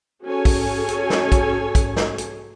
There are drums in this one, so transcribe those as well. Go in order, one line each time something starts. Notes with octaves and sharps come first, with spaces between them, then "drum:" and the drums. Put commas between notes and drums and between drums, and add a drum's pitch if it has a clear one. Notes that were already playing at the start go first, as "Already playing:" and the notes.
C#4 F#4 G#4 A4 C#5 G#5
drum: kick, open hi-hat
drum: hi-hat
drum: snare
drum: kick, hi-hat
drum: kick, hi-hat
drum: snare
drum: hi-hat